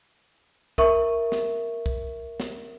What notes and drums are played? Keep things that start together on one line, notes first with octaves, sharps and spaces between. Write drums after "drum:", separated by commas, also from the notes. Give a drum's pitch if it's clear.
A#4 E5 C#6, drum: kick
drum: snare
drum: kick
drum: snare